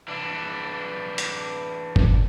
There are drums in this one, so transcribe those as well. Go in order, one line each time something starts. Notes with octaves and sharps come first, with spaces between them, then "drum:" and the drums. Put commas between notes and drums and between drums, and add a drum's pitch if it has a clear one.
E3 D4
drum: hi-hat
drum: kick